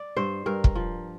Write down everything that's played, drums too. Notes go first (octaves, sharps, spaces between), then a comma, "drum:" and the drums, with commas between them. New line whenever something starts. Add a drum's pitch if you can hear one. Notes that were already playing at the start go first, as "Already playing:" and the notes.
Already playing: D5
G2 C5
G2 A#4
drum: kick
F3